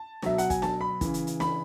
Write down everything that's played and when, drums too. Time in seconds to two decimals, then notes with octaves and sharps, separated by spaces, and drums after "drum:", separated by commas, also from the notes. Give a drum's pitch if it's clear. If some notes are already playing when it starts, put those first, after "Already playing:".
Already playing: A5
0.22 B2 F#3 E5, drum: snare
0.38 F#5, drum: hi-hat
0.50 G#5, drum: kick, hi-hat
0.62 A5, drum: snare
0.81 B5
1.01 C#3 E3, drum: kick, hi-hat
1.14 drum: hi-hat
1.27 drum: hi-hat
1.40 B5, drum: snare